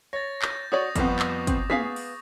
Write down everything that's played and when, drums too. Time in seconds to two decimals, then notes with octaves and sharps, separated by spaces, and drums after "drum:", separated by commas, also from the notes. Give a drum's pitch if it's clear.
0.13 C#5 A6 A#6
0.42 G6, drum: clap
0.72 F#4 C#5 D5 C#6 D#6
0.96 F2 F3 G3 G#3 B3 C4 D6, drum: kick, hi-hat
1.19 drum: clap
1.47 C4, drum: kick, hi-hat
1.70 B3 G#4 F5 B6, drum: tom
1.96 drum: open hi-hat